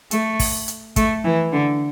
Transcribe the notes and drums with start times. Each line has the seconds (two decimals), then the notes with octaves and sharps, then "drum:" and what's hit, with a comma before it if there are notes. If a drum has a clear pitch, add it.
0.11 A3, drum: hi-hat
0.39 drum: kick, open hi-hat
0.68 drum: hi-hat
0.96 A3, drum: kick, hi-hat
1.25 E3
1.53 D3